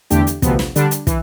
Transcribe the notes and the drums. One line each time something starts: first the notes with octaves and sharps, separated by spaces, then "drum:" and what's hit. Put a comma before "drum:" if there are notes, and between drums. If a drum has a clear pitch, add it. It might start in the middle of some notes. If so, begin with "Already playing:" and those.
E2 D3 A3 D4 G4, drum: hi-hat
drum: hi-hat
D2 C3 F3 B3, drum: kick, hi-hat
drum: snare
D3 G3 D4, drum: hi-hat
drum: hi-hat
E3, drum: kick, hi-hat